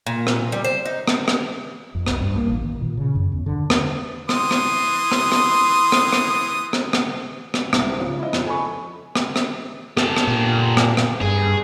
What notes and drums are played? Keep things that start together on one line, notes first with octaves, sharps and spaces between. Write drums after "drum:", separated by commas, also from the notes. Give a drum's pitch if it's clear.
A#2
drum: rim click
G3
C5
D#4
drum: rim click
drum: rim click
F2
C2, drum: rim click
G2
A#3
A1
D#3
A#2
C#3
F#2
E2
D3
drum: rim click
E3 C6 D#6, drum: rim click
drum: rim click
drum: rim click
drum: rim click
drum: rim click
drum: rim click
drum: rim click
drum: rim click
drum: rim click
C2 G#2, drum: rim click
C#3 F3
E4 D#5
F2, drum: rim click
A4 G#5 B5 C#6
drum: rim click
drum: rim click
G4 A4, drum: rim click
drum: rim click
A#2
drum: rim click
drum: rim click
G2 G#4